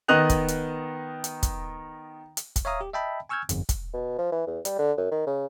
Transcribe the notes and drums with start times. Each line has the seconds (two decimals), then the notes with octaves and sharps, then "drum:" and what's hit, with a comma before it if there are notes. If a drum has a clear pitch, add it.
0.08 D#3 B3 D#5 D#6 F#6 F7
0.30 drum: kick, hi-hat
0.48 drum: hi-hat
1.24 drum: hi-hat
1.43 drum: kick, hi-hat
2.37 drum: hi-hat
2.56 drum: kick, hi-hat
2.65 C#5 E5 F5 A#5 D#6
2.81 G4
2.93 D#5 E5 G5 A5 B5
3.29 G#5 C#6 E6 F6 G6 G#6
3.49 G1 F2, drum: hi-hat
3.69 drum: kick, hi-hat
3.93 B2
4.19 F3
4.32 E3
4.47 E2
4.65 G3, drum: hi-hat
4.79 D3
4.97 F#2
5.11 D#3
5.27 C#3